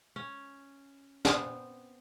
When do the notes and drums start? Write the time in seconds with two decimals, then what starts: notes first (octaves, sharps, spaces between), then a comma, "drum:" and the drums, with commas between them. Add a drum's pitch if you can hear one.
0.16 C#4
1.25 B3 C4, drum: snare